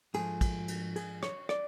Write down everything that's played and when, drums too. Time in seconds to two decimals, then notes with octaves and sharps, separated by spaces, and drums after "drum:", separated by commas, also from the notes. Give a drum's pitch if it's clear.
0.14 G#2 F3 A3 G#4, drum: cymbal
0.41 drum: kick, cymbal
0.68 drum: cymbal
0.96 G#4, drum: cymbal
1.23 C#5, drum: rim click
1.49 D5, drum: rim click